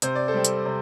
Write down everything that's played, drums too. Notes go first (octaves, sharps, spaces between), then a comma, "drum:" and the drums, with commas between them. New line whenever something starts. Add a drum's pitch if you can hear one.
C3 C5, drum: hi-hat
D5
A4 C5
G3 C4
drum: hi-hat
C3